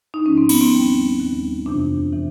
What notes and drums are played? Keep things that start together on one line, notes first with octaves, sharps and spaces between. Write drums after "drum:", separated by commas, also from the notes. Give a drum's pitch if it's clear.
D#4
G#2 F3 C#4
C4
B3, drum: cymbal
C4
D#2 D#3 G3
D#2 D#3 G3
F2 C3 E3 D4
C3 E3